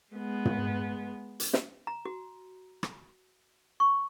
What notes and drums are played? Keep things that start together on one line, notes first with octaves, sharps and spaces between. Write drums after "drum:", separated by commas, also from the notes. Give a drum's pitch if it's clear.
G#3 B3
drum: tom
drum: hi-hat
drum: snare
A#5
F#4
drum: rim click
C#6